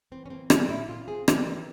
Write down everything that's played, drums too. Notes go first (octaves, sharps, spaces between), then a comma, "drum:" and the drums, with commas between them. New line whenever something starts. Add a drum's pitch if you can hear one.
E3 C4
C#4
A#3 C4
G#3 C#4, drum: rim click
A#2 E4
A#2 F4
C4 G#4
E3 G4, drum: rim click
C4 A#4